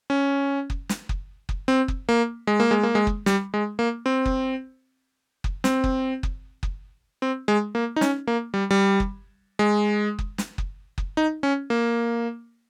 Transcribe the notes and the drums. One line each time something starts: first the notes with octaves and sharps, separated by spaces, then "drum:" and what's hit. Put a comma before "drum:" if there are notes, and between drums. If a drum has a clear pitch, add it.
C#4
drum: kick F#1
drum: snare
drum: kick F#1
drum: kick F#1
C4
drum: kick F#1
A#3
G#3
A#3
G#3
A#3
G#3
drum: kick F#1
G3, drum: snare
G#3
A#3
C4
drum: kick F#1
drum: kick F#1
C4, drum: snare
drum: kick F#1
drum: kick F#1
drum: kick F#1
C4
G#3
A#3
D#4
C#4, drum: snare
A#3
G3
G3
drum: kick F#1
G#3
drum: kick F#1
drum: snare
drum: kick F#1
drum: kick F#1
D#4
C#4
A#3